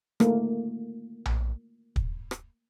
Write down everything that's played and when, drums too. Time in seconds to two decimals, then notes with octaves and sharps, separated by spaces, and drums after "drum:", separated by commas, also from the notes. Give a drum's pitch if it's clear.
0.20 A3 A#3, drum: rim click
1.26 drum: tom A#1
1.96 drum: kick
2.31 drum: rim click